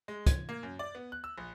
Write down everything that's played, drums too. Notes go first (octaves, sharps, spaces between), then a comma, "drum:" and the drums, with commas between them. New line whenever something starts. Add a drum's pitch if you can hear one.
G#3
G#6, drum: kick, hi-hat
A#3
F#2
D5
B3
F#6
E6
A#1